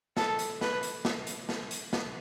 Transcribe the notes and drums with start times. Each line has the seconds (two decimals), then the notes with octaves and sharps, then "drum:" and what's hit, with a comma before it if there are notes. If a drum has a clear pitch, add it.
0.17 A4, drum: snare
0.39 drum: hi-hat
0.61 B4, drum: snare
0.83 drum: hi-hat
1.05 drum: snare
1.27 drum: hi-hat
1.49 drum: snare
1.71 drum: hi-hat
1.93 drum: snare